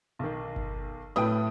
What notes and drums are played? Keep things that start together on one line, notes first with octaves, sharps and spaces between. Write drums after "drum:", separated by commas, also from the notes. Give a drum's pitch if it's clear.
B1 D#3
drum: kick G1
A2 A3 B4 G5 D#6